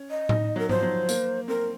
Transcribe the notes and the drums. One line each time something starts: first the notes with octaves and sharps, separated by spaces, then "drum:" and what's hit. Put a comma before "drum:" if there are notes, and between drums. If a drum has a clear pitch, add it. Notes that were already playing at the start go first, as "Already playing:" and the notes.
Already playing: C#4
D#5
D#4, drum: tom A2
F#3 A#4
F3 C5, drum: tom G#2
F#3
A#3, drum: tambourine
C4 A#4